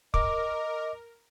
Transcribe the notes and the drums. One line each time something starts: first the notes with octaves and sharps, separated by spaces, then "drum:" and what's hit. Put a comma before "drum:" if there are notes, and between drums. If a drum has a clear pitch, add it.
A#4 D#5 D6, drum: kick